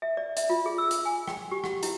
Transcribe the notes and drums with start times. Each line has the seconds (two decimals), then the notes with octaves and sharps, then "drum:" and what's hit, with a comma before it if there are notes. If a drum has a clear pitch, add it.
0.02 E5
0.17 D5
0.37 E5, drum: hi-hat
0.50 F4
0.66 G#4
0.78 E6
0.91 drum: hi-hat
1.05 G#5
1.28 G5, drum: rim click
1.51 G4
1.64 F#5, drum: rim click
1.83 E4, drum: hi-hat